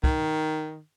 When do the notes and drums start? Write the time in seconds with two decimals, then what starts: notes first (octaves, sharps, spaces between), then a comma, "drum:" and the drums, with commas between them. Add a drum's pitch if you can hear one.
0.04 D#3, drum: kick